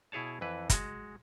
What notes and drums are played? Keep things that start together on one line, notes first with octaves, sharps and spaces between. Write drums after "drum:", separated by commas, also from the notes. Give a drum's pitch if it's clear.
B2 E4 G#4 C#5 A5
F2 E3 B4
G#3 F#4, drum: kick, hi-hat